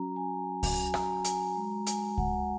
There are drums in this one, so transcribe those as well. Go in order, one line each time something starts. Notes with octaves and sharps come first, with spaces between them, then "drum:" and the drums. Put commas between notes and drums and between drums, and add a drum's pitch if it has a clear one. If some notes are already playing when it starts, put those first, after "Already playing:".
Already playing: F#3 C#4 F#4 A#5
G#5
F#3 C#4 F#4 G#5, drum: kick C#2, open hi-hat
A#5, drum: rim click
G#5, drum: hi-hat
G#3 F#4 A#5
G#5, drum: hi-hat
F#5, drum: kick C#2